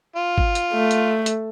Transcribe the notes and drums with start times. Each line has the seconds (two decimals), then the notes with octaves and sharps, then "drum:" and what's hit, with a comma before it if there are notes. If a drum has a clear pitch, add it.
0.16 F4
0.38 drum: kick G#1
0.55 drum: hi-hat
0.73 A3
0.91 drum: hi-hat
1.26 drum: hi-hat